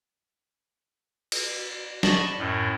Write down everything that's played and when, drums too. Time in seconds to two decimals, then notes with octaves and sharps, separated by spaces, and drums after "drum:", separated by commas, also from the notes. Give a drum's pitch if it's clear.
1.32 drum: cymbal
2.03 D5 D#5 A5 B5 C#6, drum: snare
2.38 F#2 A2